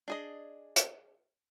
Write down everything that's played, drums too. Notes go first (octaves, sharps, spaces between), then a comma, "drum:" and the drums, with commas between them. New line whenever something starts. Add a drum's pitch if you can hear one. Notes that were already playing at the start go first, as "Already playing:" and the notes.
D4 G#4 D#5
drum: hi-hat